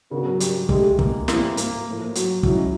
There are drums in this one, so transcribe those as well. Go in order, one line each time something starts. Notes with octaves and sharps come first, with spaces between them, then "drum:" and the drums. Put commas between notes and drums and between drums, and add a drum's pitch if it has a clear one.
C#3 B3 D4 F#4 A#4
F#3
G3, drum: hi-hat
G#3 A3 D4 G4, drum: kick
A#3, drum: kick
E3 G3 A#3 C4 E4, drum: snare
A#3, drum: hi-hat
A2 F3 A#3
F#3, drum: hi-hat
D#3 F#3 G#3 C#4 E4, drum: kick